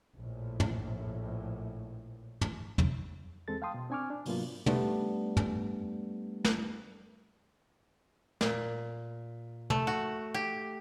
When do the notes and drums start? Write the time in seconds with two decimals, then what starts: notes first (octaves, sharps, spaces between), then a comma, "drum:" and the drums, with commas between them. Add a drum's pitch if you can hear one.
0.15 A#1 A2
0.60 drum: tom
2.41 drum: tom
2.78 drum: tom
3.48 E2 G#3 C4 A4 A6
3.62 F5 G5 A5 C6 D#6
3.74 B2
3.90 C4 D4 G#5 C#6 D6 F6
4.10 D4
4.26 G#2 C3 F#3 A#3 B3 F4, drum: open hi-hat
4.66 G3 A3 B3 D4, drum: tom
5.37 drum: tom
6.45 drum: snare
8.41 A#2, drum: snare
9.70 A3, drum: tom
9.87 F#4
10.34 G4